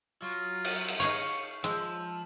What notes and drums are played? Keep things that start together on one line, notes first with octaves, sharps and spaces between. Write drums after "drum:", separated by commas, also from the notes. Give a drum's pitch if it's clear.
F#3 F4
drum: cymbal
drum: cymbal
D#4 G#4 C#5 F5 C#6
F3 G#3 E6, drum: hi-hat